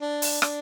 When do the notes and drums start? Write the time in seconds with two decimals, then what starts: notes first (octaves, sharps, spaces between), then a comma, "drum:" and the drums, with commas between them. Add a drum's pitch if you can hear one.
0.02 D4
0.22 drum: open hi-hat
0.42 D4, drum: rim click